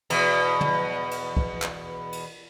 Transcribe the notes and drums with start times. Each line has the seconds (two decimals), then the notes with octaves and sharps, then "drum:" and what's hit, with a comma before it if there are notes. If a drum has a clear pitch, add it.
0.10 E2 B2, drum: cymbal
0.61 drum: tom
1.11 drum: cymbal
1.37 drum: kick
1.62 drum: clap
2.13 drum: cymbal